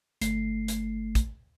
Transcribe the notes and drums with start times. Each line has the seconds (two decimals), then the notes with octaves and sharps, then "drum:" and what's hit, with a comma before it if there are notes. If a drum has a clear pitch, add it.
0.22 G1 A3 C7, drum: hi-hat
0.68 drum: hi-hat
1.15 drum: kick, hi-hat